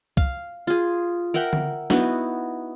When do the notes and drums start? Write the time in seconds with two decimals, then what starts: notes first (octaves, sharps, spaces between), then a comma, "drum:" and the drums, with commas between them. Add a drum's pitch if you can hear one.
0.17 F5, drum: kick C2
0.67 F4 G#4
1.34 A#4 E5 F#5 G5
1.53 drum: tom D3
1.90 B3 D#4 E4 F#4, drum: snare